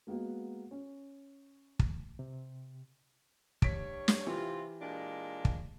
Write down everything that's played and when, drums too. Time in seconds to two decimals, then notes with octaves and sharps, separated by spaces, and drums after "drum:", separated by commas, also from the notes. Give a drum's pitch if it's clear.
0.07 G#3 A#3 B3 F#4
0.71 C#4
1.79 drum: kick
2.19 C3
3.62 G2 C#5 B6 D7, drum: kick
4.08 drum: snare
4.26 C3 E3 F4 G4
4.82 A#2 G#3 D4
5.45 drum: kick